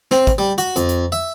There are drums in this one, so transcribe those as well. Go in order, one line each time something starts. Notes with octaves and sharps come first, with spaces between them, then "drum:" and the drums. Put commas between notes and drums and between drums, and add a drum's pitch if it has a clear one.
C4, drum: snare
drum: kick, hi-hat
G3
F#4, drum: hi-hat
F2, drum: hi-hat
drum: hi-hat
E5